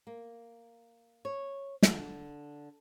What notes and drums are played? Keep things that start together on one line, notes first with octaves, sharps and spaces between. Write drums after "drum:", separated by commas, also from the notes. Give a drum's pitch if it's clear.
A#3
C#5
D3, drum: snare